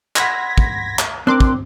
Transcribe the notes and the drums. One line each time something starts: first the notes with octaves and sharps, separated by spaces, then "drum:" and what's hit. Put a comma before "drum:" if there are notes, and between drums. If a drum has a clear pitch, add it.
F#5 B5 C6 G#6 A#6 B6, drum: clap
drum: kick
drum: clap
C4 D4 A#4 C6 D6 F#6
drum: kick